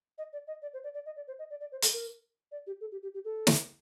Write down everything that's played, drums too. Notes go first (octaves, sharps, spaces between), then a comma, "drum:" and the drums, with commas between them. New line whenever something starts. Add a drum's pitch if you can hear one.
D#5
D5
D#5
D5
C5
D5
D5
D#5
D5
C5
D#5
D5
D5
C5
A4, drum: hi-hat
A#4
D5
G4
A4
G4
G4
G4
A4
drum: snare